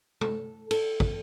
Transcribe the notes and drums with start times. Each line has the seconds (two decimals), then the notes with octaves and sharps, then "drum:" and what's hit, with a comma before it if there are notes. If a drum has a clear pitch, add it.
0.21 A4, drum: tom
0.71 A4, drum: cymbal
1.00 drum: kick